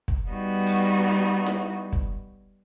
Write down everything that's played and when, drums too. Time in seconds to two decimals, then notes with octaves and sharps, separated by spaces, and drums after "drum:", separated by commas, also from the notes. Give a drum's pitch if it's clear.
0.08 drum: kick
0.29 G3 B3 D#4 F#4
0.67 drum: hi-hat
1.46 drum: snare E4
1.93 drum: kick